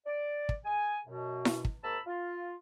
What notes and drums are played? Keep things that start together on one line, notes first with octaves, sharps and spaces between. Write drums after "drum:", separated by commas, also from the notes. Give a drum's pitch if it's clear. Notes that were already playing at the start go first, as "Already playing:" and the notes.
D5
drum: kick
G#4 G#5
F#2 B2
drum: snare E4
drum: kick
G#2 A#3 A#4 A5 B5 E6
F4